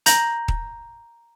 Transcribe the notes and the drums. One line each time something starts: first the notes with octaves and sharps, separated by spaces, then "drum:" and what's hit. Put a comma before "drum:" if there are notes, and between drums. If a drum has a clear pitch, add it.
A#5 G6 A#6 F#7, drum: hi-hat
drum: kick D#1